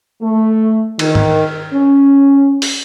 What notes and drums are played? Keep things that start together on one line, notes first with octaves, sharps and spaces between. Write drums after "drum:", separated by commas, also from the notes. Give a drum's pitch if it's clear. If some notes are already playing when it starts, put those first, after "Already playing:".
A3
D#3, drum: cymbal
drum: tom G#2
C#4
drum: open hi-hat